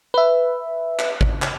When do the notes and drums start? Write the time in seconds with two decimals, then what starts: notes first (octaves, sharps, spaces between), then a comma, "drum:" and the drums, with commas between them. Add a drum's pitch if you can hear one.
0.14 B4 E5
0.99 drum: clap
1.21 drum: kick G#1
1.42 drum: clap